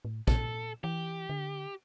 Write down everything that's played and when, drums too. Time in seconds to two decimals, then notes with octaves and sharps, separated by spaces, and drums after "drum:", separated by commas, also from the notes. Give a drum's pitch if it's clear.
0.05 A2
0.28 A#2 A4, drum: kick
0.84 E3 G4
1.29 D3